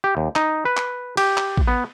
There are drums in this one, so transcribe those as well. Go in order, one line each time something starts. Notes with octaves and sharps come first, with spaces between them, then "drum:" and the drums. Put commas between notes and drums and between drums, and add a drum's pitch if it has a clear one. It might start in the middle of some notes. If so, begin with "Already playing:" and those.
G4
D#2
D#4, drum: clap
B4
drum: clap
G4, drum: cymbal
drum: clap
drum: kick
B3